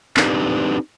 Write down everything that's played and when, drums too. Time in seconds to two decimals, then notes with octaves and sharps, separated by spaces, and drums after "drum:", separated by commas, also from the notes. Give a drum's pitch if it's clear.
0.17 C4 D4 D#4 G4 B4, drum: clap